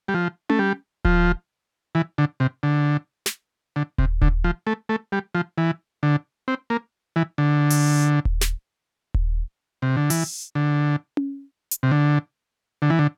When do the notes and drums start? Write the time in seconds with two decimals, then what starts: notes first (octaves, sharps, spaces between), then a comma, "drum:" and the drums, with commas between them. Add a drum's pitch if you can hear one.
0.08 G3
0.14 F3
0.50 A3, drum: tom C#4
0.59 G3
1.05 F3, drum: kick D#1
1.95 E3
2.18 D3
2.40 C3
2.63 D3
3.26 drum: snare
3.76 D3
3.98 C3, drum: kick D#1
4.22 D3, drum: kick D#1
4.44 F3
4.67 A3
4.89 A3
5.12 G3
5.35 F3
5.58 E3
6.03 D3
6.48 C4
6.70 A#3
7.16 E3
7.38 D3
7.70 drum: open hi-hat
8.25 drum: kick D#1
8.41 drum: snare
9.15 drum: kick D#1
9.82 C3
9.97 D3
10.10 E3, drum: open hi-hat
10.55 D3
11.17 drum: tom C#4
11.71 drum: hi-hat
11.83 C3
11.91 D3
12.82 D3
12.90 E3
12.99 D3